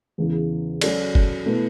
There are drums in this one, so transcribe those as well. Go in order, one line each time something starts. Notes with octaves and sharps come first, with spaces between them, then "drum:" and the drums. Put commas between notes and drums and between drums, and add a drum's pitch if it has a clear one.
E2 C#3 E3
F#3 C#4 F#4 A4 D5, drum: cymbal
drum: kick
B2 A3 E4 B4